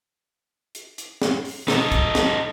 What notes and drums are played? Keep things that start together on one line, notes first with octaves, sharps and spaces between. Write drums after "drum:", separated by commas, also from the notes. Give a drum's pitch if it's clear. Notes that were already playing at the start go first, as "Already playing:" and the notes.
drum: hi-hat
drum: hi-hat
drum: snare
drum: open hi-hat
D#4 A4, drum: snare
drum: kick, hi-hat
drum: snare